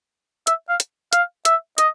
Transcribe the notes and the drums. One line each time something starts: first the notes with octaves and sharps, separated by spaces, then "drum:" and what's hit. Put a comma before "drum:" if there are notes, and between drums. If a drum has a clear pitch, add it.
E5, drum: hi-hat
F5
drum: hi-hat
F5, drum: hi-hat
E5, drum: hi-hat
D#5, drum: hi-hat